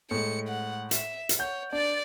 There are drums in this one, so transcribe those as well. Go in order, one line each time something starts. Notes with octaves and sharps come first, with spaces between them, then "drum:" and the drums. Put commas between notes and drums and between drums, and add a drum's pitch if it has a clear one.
A2 G#3 C#7
F#5
E5, drum: hi-hat
drum: hi-hat
C#5 F#5 G6
D4 D5 A6